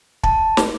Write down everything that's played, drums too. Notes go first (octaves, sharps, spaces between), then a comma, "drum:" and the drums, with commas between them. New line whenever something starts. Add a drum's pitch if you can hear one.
A5, drum: kick
drum: snare